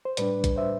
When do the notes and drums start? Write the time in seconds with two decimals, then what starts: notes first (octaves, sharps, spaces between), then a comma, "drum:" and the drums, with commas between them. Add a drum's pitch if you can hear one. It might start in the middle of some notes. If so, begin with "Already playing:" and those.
0.05 C5
0.17 A2 G3 D4 B4 D5, drum: hi-hat
0.44 drum: kick, hi-hat
0.56 C5 E5